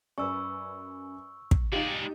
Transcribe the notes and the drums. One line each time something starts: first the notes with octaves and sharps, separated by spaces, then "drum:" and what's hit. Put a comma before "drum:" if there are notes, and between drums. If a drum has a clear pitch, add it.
F#2 B4 D5 G#5 C#6 E6
drum: kick
G#3 D#4 G4 D5 F5 A6